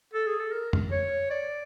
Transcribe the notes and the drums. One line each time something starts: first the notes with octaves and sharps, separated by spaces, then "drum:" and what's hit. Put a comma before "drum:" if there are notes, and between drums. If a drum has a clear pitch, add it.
A4
G#4
A4
A#4
drum: tom F2
C#5
D5